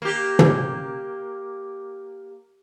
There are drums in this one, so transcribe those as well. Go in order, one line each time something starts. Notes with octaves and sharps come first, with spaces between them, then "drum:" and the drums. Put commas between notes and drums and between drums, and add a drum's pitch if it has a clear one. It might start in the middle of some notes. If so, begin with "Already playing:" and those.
A#3 G4
drum: tom